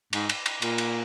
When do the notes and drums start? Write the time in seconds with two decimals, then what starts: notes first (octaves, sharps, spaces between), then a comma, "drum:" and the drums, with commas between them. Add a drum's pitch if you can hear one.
0.13 G#2, drum: cymbal
0.29 drum: cymbal
0.46 drum: cymbal
0.62 A#2, drum: cymbal
0.78 drum: cymbal